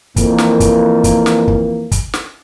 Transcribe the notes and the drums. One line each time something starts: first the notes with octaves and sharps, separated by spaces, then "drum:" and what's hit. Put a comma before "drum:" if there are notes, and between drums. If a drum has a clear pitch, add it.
F2 E3 A#3, drum: kick, hi-hat
drum: snare
drum: kick, hi-hat
drum: kick, hi-hat
drum: snare
drum: kick
drum: kick, hi-hat
drum: snare